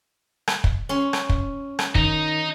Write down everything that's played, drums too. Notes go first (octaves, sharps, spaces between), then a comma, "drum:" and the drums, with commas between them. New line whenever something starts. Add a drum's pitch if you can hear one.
drum: rim click
drum: kick
C#4 C6
drum: rim click
drum: kick
drum: rim click
D#3 D#4, drum: kick